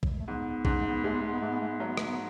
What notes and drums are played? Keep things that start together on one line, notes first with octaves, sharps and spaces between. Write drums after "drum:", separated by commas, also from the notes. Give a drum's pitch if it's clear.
F#3, drum: kick
G#3
A3
G#2 B3
G#2 C#4, drum: kick
B3
A3
B3
G#3 A3
B3
A3
B3
G#2 A3
B3
A3
B3
F#3 A3
B3
A3, drum: rim click
B3